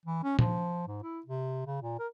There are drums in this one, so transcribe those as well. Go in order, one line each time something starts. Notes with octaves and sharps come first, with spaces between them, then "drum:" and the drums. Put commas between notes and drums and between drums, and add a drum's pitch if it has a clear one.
E3
C#4
F3, drum: tom A#2
G#2
E4
C3
C#3
A#2
A#4